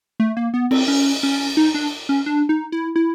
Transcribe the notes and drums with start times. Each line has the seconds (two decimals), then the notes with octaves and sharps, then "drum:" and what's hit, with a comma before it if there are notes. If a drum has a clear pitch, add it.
0.20 A3
0.37 A#3
0.54 B3
0.71 C4, drum: cymbal
0.88 C#4
1.23 C#4
1.57 D#4
1.74 D4
2.09 C#4
2.26 D4
2.49 D#4
2.72 E4
2.96 E4